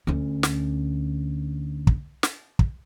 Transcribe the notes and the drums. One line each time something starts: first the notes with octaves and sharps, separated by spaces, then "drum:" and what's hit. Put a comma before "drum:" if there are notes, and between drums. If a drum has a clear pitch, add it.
D2 C#4
drum: snare
drum: kick
drum: snare
drum: kick